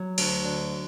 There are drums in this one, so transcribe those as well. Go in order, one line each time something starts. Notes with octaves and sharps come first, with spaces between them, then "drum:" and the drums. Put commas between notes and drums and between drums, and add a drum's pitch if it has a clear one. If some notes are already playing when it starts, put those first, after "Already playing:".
Already playing: F#3
D2, drum: cymbal
D3